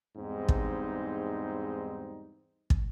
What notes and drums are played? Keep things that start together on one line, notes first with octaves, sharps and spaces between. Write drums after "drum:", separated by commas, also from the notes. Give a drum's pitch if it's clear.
E2 G#2 G3 C4 D#4
drum: kick
drum: kick